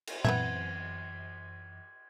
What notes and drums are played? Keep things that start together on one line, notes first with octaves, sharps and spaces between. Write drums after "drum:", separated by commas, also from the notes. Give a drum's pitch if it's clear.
drum: cymbal
F#2 E3 B3 C4 E5 G#6, drum: tom A#2